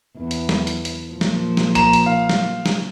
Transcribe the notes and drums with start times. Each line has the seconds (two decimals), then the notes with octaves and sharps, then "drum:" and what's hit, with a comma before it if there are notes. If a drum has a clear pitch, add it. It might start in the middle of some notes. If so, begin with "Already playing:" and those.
0.17 E2
0.31 drum: hi-hat
0.49 drum: snare
0.67 drum: hi-hat
0.85 drum: hi-hat
1.12 A#2 F3
1.21 drum: snare
1.57 drum: snare
1.75 A#5 E7, drum: hi-hat
1.93 drum: hi-hat
2.06 F5
2.30 drum: snare
2.66 drum: snare